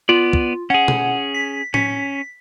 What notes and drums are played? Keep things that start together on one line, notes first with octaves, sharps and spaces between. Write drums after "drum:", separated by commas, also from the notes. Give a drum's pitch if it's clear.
B3 F4 D5
drum: kick
C#4 G#4 F#5
drum: tom B2
B6
C#4 B6, drum: tom A2